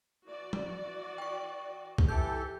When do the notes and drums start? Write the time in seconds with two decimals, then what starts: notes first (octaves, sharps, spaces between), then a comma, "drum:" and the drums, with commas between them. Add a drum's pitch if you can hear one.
0.27 E3 F#4 D5
0.53 drum: tom F3
1.18 G5 C#6
1.98 drum: kick C2
2.09 E3 G4 A4 G6